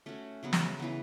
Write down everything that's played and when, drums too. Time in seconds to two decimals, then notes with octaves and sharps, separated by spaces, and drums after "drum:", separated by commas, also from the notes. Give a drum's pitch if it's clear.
0.06 A3 C#4 F#4
0.43 C#3 F#3 B3
0.53 drum: snare
0.80 C#3 E3 B3